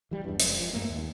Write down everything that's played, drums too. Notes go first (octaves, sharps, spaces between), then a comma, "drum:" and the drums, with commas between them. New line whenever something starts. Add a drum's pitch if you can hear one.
E3 G3
E2 G2
F1 F#2 G#3, drum: hi-hat
F3
G2 A3 A#3
D#2